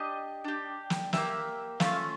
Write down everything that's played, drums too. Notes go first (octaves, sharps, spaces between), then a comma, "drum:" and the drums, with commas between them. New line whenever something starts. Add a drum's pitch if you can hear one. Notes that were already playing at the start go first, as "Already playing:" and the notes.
Already playing: D4 G4 D#5
D4 G4
drum: snare
A#3 D4 G4 E5, drum: snare
A3 C#4 F4 F5, drum: snare